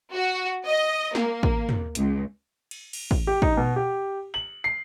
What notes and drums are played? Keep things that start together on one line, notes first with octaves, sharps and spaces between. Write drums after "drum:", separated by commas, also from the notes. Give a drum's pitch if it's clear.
F#4
D#5
A#3, drum: snare
drum: kick
drum: tom
C#2, drum: hi-hat
drum: cymbal
drum: cymbal
drum: kick
G4
D#4, drum: kick
B2
G4
F#7
C7